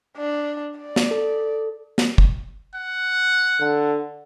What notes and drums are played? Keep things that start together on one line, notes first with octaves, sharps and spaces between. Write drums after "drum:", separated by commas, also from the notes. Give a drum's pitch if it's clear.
D4
D5
drum: snare
A4
drum: snare
drum: kick
F#5
D3